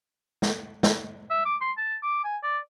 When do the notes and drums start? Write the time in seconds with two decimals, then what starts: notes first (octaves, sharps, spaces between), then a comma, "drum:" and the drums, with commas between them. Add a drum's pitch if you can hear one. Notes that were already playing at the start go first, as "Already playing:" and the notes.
0.42 drum: snare
0.83 drum: snare
1.30 E5
1.45 D6
1.61 C6
1.78 A5
2.03 D6
2.24 G#5
2.43 D5